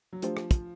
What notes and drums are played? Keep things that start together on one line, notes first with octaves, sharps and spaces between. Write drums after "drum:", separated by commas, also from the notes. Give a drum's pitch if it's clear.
F#3
F3 A3 D4 G4 C5, drum: hi-hat
drum: rim click
drum: kick, hi-hat